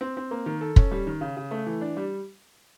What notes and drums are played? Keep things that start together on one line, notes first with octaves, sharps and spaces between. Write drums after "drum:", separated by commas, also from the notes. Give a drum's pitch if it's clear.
C4
C4
A#3
D#3
A4
C#4, drum: kick
G3
D#3
C#3
C#3
A3
E3
D4
G3